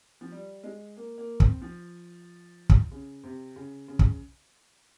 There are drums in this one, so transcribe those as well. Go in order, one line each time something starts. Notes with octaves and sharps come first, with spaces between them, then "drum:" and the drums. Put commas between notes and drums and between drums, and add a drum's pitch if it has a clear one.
F3
G3
G#3
A#3
A#3
C4, drum: kick
F3
drum: kick
C#3
C3
C#3
C#3
drum: kick